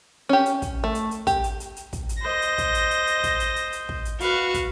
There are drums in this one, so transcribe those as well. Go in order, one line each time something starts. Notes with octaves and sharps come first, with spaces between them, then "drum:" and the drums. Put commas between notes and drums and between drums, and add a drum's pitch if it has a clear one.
C#4 G4
drum: hi-hat
drum: kick, hi-hat
A3
drum: hi-hat
drum: hi-hat
G4, drum: kick, hi-hat
drum: hi-hat
drum: hi-hat
drum: hi-hat
drum: kick, hi-hat
drum: hi-hat
C5 D#5 A#6
drum: hi-hat
drum: kick, hi-hat
drum: hi-hat
drum: hi-hat
drum: hi-hat
drum: kick, hi-hat
drum: hi-hat
drum: hi-hat
drum: hi-hat
drum: kick
drum: hi-hat
F#4 B4 F5, drum: hi-hat
drum: kick, hi-hat